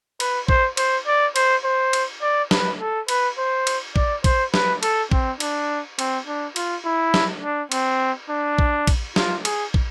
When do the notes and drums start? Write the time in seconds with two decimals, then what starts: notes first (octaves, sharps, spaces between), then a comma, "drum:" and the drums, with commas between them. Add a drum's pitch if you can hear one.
0.20 B4, drum: cymbal
0.48 C5, drum: kick
0.77 C5, drum: cymbal
1.07 D5
1.36 C5, drum: cymbal
1.64 C5
1.93 drum: cymbal
2.22 D5
2.51 B4, drum: snare
2.80 A4
3.08 B4, drum: cymbal
3.38 C5
3.67 drum: cymbal
3.96 D5, drum: kick
4.24 C5, drum: kick, cymbal
4.54 B4, drum: snare
4.83 A4, drum: cymbal
5.12 C4, drum: kick
5.40 D4, drum: cymbal
5.99 C4, drum: cymbal
6.27 D4
6.56 F4, drum: cymbal
6.85 E4
7.14 drum: snare
7.43 D4
7.72 C4, drum: cymbal
8.30 D4
8.59 drum: kick
8.87 drum: kick, cymbal
9.16 F4, drum: snare
9.45 G#4, drum: cymbal
9.74 drum: kick